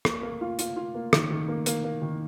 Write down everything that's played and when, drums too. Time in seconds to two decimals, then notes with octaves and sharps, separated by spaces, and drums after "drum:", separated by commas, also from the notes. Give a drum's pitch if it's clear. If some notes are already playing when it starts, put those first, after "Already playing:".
0.05 A#3, drum: rim click
0.22 A#3
0.41 F4
0.59 F4, drum: hi-hat
0.76 F4
0.95 A#3
1.13 D#3, drum: rim click
1.31 D#3
1.48 A#3
1.66 A#3, drum: hi-hat
1.84 A#3
2.02 D#3